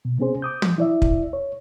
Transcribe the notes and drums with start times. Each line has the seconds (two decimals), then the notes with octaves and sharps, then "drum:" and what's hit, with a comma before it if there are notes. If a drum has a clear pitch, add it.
0.05 B2
0.18 C3 B3 C#4 G#4 C5
0.42 D6 D#6 G6
0.62 drum: tom
0.78 E4 D5 E5
1.02 drum: kick
1.33 C#5